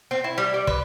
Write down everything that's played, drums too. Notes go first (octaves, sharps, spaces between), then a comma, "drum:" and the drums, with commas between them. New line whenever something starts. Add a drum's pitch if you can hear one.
C4
E4
G3
D5
B4, drum: kick